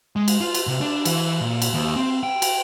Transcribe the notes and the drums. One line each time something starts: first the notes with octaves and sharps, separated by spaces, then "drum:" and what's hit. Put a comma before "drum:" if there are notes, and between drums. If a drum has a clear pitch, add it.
G#3
drum: cymbal
F4
drum: cymbal
C3
D4
E3, drum: cymbal
A#2
drum: cymbal
D#2
C4
G5
drum: cymbal